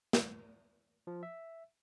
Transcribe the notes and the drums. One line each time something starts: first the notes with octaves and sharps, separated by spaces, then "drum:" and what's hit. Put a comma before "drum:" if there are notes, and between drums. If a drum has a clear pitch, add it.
drum: snare
F3
E5